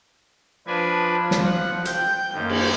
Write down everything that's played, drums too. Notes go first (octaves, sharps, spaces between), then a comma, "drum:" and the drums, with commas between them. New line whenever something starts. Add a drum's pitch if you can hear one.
F3 D4 B4 G#5
drum: snare
F#5
G5 G6, drum: hi-hat
F#2 D#3 A#3
drum: cymbal